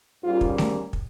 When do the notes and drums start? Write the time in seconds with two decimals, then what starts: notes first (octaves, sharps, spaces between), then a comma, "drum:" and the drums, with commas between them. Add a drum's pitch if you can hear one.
0.23 G#2 G3 A#3 C#4 F4
0.41 drum: kick
0.58 drum: snare A3
0.93 drum: kick